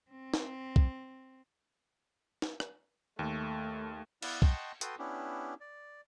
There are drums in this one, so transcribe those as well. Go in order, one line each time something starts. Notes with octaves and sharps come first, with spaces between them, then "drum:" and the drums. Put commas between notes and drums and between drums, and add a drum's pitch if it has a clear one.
C4
drum: snare
drum: kick B1
drum: snare
drum: rim click
D#2 A3
B3 E4 B4 D5 F5, drum: cymbal
D#5 F#5 G5 A5 C6 C#6, drum: kick B1
F#4 A4 B4 G5 C6 D#6, drum: hi-hat
B3 C#4 D4 E4 G4
D5